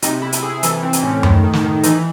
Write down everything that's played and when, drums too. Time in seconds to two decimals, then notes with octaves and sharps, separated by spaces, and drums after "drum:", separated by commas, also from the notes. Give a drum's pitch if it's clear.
0.02 C3 D#4, drum: hi-hat
0.22 C3 E4
0.32 drum: hi-hat
0.43 C3 G#4
0.63 E3 A4, drum: hi-hat
0.83 E3 C4
0.93 drum: hi-hat
1.03 A2 C#4
1.23 D#3, drum: tom F#2
1.44 D#3
1.53 drum: snare
1.64 D#3
1.83 E3 D#4, drum: hi-hat